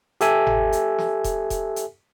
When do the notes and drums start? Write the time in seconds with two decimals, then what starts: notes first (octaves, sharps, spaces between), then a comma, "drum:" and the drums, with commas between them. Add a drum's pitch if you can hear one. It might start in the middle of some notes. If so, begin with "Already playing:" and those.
0.21 G4 A4 E5 G#5, drum: hi-hat
0.47 drum: tom G1
0.72 drum: hi-hat
0.98 drum: snare
1.24 drum: kick E1, hi-hat
1.50 drum: kick E1, hi-hat
1.76 drum: hi-hat